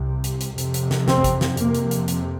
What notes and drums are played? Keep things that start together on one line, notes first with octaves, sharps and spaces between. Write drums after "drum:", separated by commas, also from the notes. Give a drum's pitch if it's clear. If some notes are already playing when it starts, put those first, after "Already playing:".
Already playing: C2 C3
drum: hi-hat
drum: hi-hat
F2 C3, drum: hi-hat
drum: hi-hat
drum: snare
C4, drum: snare
drum: kick G#1, hi-hat
drum: snare
F2 C3 A#3, drum: hi-hat
drum: hi-hat
drum: hi-hat
drum: hi-hat